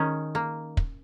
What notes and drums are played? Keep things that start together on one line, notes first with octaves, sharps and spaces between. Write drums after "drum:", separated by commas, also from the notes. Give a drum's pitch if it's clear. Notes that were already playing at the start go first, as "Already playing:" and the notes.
Already playing: D#3 C#4
A#3
drum: kick